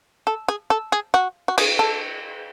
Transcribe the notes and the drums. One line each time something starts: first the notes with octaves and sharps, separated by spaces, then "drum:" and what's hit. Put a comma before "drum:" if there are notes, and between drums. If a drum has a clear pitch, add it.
A4
G#4
A4
G#4
F#4
F#4
G#4, drum: cymbal
A4